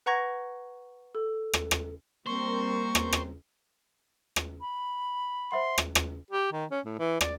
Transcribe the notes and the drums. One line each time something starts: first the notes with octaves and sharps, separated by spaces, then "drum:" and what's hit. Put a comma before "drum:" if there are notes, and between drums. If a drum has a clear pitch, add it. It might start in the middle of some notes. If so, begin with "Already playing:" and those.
B4 F#5 A#5 C#6 G#6 A#6
A4
drum: rim click
drum: rim click
G3 A#3 C4 A#4 C5 C#6
drum: rim click
drum: rim click
drum: rim click
B5
C5 E5 F#5 C6
drum: rim click
drum: rim click
G4
D#3
C#4
A2
E3
D5, drum: rim click